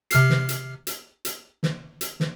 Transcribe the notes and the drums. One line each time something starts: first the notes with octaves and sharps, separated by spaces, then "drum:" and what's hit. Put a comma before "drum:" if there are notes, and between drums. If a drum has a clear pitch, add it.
C3 F6 C7, drum: hi-hat
drum: snare
drum: hi-hat
drum: hi-hat
drum: hi-hat
drum: snare
drum: hi-hat
drum: snare